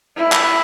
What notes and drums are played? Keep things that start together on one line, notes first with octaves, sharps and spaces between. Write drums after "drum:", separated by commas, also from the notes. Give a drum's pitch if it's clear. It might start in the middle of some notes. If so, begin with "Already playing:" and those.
E4
drum: clap